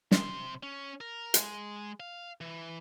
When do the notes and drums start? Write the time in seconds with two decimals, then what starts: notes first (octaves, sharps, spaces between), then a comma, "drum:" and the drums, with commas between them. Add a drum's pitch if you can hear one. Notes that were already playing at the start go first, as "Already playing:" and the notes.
0.11 C3 C6, drum: snare
0.63 C#4
1.01 A#4
1.34 G#3, drum: hi-hat
2.00 F5
2.41 E3